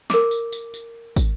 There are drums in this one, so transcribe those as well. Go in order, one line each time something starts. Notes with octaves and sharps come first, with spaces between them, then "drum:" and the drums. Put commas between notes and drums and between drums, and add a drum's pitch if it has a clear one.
A#4 D6, drum: snare
drum: tambourine
drum: tambourine
drum: tambourine
drum: kick, tambourine